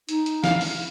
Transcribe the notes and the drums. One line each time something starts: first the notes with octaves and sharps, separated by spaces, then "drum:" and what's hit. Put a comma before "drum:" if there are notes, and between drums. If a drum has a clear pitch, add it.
D#4, drum: hi-hat
drum: hi-hat
E4 F5, drum: snare
drum: open hi-hat